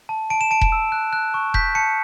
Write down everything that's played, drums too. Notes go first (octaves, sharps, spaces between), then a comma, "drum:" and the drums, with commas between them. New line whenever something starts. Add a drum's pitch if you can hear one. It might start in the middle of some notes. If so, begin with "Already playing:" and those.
A5
A5 D7
E7
A5 D7
drum: kick E1
E6
F#6
F#6
C#6
G6 B6, drum: kick E1
A5 C#7